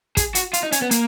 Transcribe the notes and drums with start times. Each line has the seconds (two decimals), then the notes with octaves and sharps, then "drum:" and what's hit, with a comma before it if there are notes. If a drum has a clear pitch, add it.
0.17 G#4, drum: kick, hi-hat
0.35 F#4, drum: hi-hat
0.53 F4, drum: hi-hat
0.63 D#4
0.72 C#4, drum: hi-hat
0.82 B3
0.91 A#3, drum: hi-hat